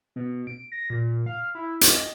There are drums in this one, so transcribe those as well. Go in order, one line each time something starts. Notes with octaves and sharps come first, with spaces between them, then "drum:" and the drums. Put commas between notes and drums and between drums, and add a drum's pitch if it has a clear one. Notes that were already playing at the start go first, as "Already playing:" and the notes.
B2
D7
A#6
A#2
F5
E4
D#5, drum: hi-hat